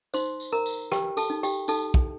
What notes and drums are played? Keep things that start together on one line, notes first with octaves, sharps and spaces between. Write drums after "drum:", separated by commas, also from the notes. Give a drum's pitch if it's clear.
D#4 C5 C6, drum: tambourine
drum: tambourine
A#4 A#5
drum: tambourine
G4 G5, drum: rim click
A4 A5, drum: tambourine
D#4
G4 G5, drum: tambourine
D#4 A4 A5, drum: tambourine
drum: kick